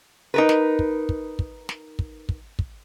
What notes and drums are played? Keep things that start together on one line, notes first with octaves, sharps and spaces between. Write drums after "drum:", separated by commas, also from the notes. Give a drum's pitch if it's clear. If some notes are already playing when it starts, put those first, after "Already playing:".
D#4 A#4 B4
drum: snare
drum: kick
drum: kick
drum: kick
drum: snare
drum: kick
drum: kick
drum: kick